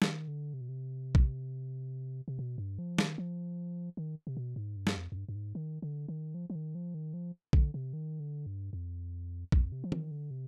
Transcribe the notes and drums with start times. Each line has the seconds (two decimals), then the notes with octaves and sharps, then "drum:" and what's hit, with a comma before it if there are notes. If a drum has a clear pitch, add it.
0.02 D#3, drum: snare
0.28 D3
0.54 C3
0.61 B2
0.69 C3
1.15 drum: kick A#1
2.28 C3
2.39 B2
2.58 G2
2.79 F3
2.99 D#3, drum: snare
3.18 F3
3.97 D#3
4.27 C3
4.37 B2
4.56 G#2
4.76 G2
4.87 drum: snare
4.97 F2
5.12 F2
5.17 G2
5.29 G2
5.35 G#2
5.55 D#3
5.82 D3
6.08 D#3
6.34 F3
6.50 F3
6.55 D#3
6.75 F3
6.94 D#3
7.14 F3
7.53 D3, drum: kick A#1
7.74 C3
7.93 D#3
8.20 D3
8.46 G2
8.73 F2
9.52 F2, drum: kick A#1
9.72 C3
9.84 F3
9.92 D#3, drum: tom
10.11 D3
10.31 C3